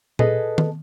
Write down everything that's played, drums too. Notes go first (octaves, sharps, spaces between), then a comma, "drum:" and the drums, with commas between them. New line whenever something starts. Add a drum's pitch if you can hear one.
G#4 A4 B4 D#5, drum: tom A#2
drum: tom D#3